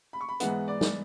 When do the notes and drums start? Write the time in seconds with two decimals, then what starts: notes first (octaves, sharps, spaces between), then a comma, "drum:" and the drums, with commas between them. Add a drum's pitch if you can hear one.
0.13 B5
0.21 C#6
0.29 B5
0.40 G#2 E3 G#3 B3 F#5, drum: hi-hat
0.68 D5
0.81 drum: snare